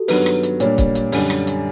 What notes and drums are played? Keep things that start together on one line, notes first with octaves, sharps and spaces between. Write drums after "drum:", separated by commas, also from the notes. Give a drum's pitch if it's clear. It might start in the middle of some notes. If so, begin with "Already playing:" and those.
Already playing: F#4 G4 A4
G2 D#3 F#3 B3 B4, drum: open hi-hat
drum: rim click
drum: hi-hat
A#2 G3 A#3 D4 C#5, drum: hi-hat
drum: kick, hi-hat
drum: hi-hat
F#2 D3 G3, drum: open hi-hat
drum: rim click
drum: hi-hat